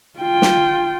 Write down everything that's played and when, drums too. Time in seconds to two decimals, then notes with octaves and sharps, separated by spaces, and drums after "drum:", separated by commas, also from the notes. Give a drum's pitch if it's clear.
0.19 F4 G5
0.42 drum: snare